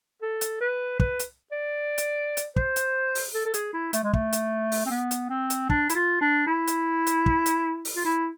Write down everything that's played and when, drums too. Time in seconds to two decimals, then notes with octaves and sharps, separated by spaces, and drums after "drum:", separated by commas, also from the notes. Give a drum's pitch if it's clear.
0.22 A4
0.41 drum: hi-hat
0.61 B4
1.00 B4, drum: kick
1.19 drum: hi-hat
1.52 D5
1.98 drum: hi-hat
2.37 drum: hi-hat
2.56 C5, drum: kick
2.76 drum: hi-hat
3.15 drum: open hi-hat
3.35 A4
3.45 A4
3.54 G#4, drum: hi-hat
3.73 E4
3.93 A3, drum: hi-hat
4.04 G#3
4.13 A3, drum: kick
4.33 drum: hi-hat
4.72 drum: open hi-hat
4.86 C4
4.91 B3
5.11 drum: hi-hat
5.30 C4
5.50 drum: hi-hat
5.70 D4, drum: kick
5.89 E4, drum: hi-hat
5.95 F4
6.21 D4
6.47 E4
6.67 drum: hi-hat
7.06 drum: hi-hat
7.26 drum: kick
7.46 drum: hi-hat
7.85 drum: open hi-hat
7.96 F4
8.05 E4